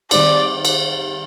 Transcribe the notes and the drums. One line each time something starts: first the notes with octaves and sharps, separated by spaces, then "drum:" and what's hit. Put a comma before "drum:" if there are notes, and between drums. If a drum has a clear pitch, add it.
D#3 G3 C4 D#4 D5, drum: cymbal
drum: cymbal